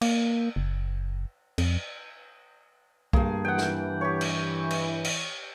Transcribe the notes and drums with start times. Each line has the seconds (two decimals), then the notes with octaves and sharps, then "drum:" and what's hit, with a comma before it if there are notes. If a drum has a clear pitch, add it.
0.01 A#3, drum: cymbal
0.56 F#1
1.58 F2, drum: cymbal
3.13 G2 A#3 G#4, drum: kick
3.45 E3 F#5 G5
3.58 drum: snare
4.01 G4 C#5
4.21 drum: cymbal
4.71 drum: cymbal
5.05 drum: cymbal